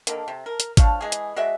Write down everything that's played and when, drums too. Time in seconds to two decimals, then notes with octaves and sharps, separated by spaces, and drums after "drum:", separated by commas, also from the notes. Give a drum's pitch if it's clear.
0.07 D3 D#3 A#3, drum: hi-hat
0.28 C3
0.46 A#4
0.60 drum: hi-hat
0.77 F3 D4 C#5 F5, drum: kick G#1, hi-hat
1.01 E3 G#3 G#4
1.12 drum: hi-hat
1.36 G#3 F#4 D5 E5